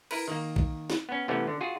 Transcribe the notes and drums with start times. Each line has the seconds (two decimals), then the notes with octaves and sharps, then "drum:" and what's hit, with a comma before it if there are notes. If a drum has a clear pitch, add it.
0.11 E4 A#4 B4, drum: cymbal
0.28 D#3 A#3
0.56 drum: kick A#1
0.90 drum: snare
1.09 B3 C#4
1.28 C3 E3 A3 B3 C#4
1.47 D3
1.61 F4 F#4 G#4